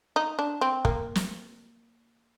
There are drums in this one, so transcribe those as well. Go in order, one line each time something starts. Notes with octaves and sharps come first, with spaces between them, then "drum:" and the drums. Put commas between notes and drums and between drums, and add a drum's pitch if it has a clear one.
D#4
D4
C4
A#3, drum: kick
drum: snare